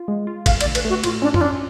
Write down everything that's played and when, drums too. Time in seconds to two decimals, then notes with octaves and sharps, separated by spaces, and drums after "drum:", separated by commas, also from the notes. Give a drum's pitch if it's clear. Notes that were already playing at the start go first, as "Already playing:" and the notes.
Already playing: F4
0.08 G#3
0.27 F4
0.46 A3 F5, drum: kick A1, cymbal
0.61 D5, drum: cymbal
0.66 D3
0.75 B4, drum: cymbal
0.85 A3 F#4
1.04 A2 F4, drum: cymbal
1.22 C#4 D4
1.34 F4, drum: tom F#2
1.41 C#4 D4